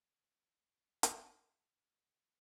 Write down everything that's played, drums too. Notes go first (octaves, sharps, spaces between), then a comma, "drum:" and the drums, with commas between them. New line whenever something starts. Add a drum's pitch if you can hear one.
F4 E6
drum: hi-hat